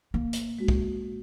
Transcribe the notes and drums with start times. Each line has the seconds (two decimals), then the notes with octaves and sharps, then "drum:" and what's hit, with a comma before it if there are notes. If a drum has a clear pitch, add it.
0.14 A#2 A#3
0.33 drum: hi-hat
0.59 G#3 C#4 F#4
0.68 drum: kick